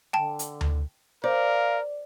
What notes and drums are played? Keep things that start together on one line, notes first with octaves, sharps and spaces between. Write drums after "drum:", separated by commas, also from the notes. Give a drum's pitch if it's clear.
D3 G5 A5
drum: hi-hat
drum: tom D2
A#4 C5 D5 F5